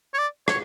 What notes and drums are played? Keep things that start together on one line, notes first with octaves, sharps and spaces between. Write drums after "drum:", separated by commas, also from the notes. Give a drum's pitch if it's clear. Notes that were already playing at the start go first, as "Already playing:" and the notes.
C#5
D5
C#5, drum: rim click